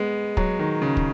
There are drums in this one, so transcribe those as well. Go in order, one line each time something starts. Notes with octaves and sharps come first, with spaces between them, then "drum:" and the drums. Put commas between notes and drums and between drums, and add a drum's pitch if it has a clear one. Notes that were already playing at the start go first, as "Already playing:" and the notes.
Already playing: G#3 B3
F#3, drum: kick
D#3
C#3
drum: kick